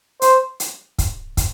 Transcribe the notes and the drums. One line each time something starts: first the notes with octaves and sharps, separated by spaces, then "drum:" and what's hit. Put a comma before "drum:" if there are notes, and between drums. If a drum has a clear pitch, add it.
C5, drum: hi-hat
drum: hi-hat
drum: kick, hi-hat
drum: kick, hi-hat